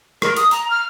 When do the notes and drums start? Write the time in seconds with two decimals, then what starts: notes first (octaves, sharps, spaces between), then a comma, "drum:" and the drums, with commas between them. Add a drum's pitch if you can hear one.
0.22 A#4, drum: rim click
0.36 D#6, drum: hi-hat
0.51 A#5, drum: hi-hat
0.70 F6